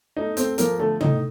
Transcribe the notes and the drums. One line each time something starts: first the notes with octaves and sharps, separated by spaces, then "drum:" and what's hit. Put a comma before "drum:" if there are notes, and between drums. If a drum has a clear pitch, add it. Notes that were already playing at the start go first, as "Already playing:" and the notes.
A3 D#4
A3 C4 C5, drum: hi-hat
F3 A#3 A#4, drum: hi-hat
D3 A3 A4
A2 D#4, drum: tom